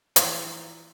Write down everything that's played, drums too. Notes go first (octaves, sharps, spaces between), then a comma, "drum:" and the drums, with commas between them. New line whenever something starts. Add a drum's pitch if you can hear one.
A#2 E3 F3, drum: hi-hat